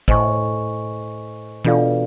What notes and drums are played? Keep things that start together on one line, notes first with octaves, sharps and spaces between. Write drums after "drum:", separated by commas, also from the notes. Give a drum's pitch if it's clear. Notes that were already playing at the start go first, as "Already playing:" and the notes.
A2 C5 D#5 G#5 C#6, drum: kick
B2 D4 F4 A4 D5 F5, drum: tom E3